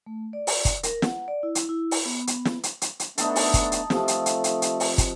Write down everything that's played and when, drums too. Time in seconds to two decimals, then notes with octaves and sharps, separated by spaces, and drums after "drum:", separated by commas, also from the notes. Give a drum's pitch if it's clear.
0.06 A3
0.33 D5
0.47 drum: open hi-hat
0.65 drum: kick, hi-hat
0.83 A#4, drum: hi-hat
1.02 F#5, drum: snare
1.28 D5
1.43 E4
1.55 drum: hi-hat
1.69 E4
1.91 drum: open hi-hat
2.05 B3
2.27 drum: hi-hat
2.45 drum: snare
2.63 drum: hi-hat
2.82 drum: hi-hat
3.00 drum: hi-hat
3.18 A3 B3 D4 D#4 A4, drum: hi-hat
3.36 drum: open hi-hat
3.54 drum: kick, hi-hat
3.72 drum: hi-hat
3.90 C3 F3 A3 A4, drum: snare
4.08 drum: hi-hat
4.26 drum: hi-hat
4.44 drum: hi-hat
4.62 drum: hi-hat
4.80 drum: open hi-hat
4.98 drum: kick, hi-hat